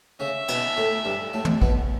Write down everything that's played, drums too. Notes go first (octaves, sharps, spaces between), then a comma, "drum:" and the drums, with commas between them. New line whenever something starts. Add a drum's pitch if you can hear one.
C#3 C#4 E5
B2 B3, drum: cymbal
A2 A3
G2 G3
A2 A3
drum: tom
B2 B3, drum: kick